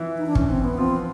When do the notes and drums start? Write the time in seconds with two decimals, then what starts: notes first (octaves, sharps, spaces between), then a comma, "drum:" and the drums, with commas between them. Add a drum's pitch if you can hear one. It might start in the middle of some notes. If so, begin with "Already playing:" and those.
Already playing: E3 E4
0.18 D#4
0.26 D4
0.35 C#4, drum: kick
0.49 C4
0.64 B3
0.78 F3 C4 F4